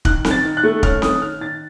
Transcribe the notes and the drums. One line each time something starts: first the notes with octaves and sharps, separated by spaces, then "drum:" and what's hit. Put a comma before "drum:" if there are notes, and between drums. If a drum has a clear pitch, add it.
D#3 F#6, drum: kick
D#3, drum: snare C4
A6
D#3
F#6
A3
C#4 F6, drum: kick
D#3 D#6, drum: snare C4
D#3 F6
D#3 A6